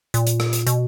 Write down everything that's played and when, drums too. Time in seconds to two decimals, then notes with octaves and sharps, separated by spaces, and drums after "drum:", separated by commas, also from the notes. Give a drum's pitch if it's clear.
0.14 A#2, drum: hi-hat
0.27 drum: hi-hat
0.40 drum: rim click
0.53 drum: hi-hat
0.67 B2, drum: hi-hat